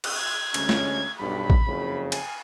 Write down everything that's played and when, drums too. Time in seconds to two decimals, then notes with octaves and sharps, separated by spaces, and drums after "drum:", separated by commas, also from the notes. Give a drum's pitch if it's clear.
0.04 drum: cymbal
0.17 G#6
0.54 D2 G#3 C#4, drum: cymbal
0.69 drum: snare
1.20 B1 G2 B5
1.50 drum: kick A1
1.67 F#1 F2 C#3
2.12 G#5, drum: cymbal